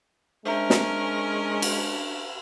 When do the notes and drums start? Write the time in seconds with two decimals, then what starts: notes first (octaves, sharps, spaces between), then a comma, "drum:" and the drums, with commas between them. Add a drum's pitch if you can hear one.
0.46 G#3 C#4 D4 A#4 C5 E5 A#5
0.70 drum: snare
1.62 drum: cymbal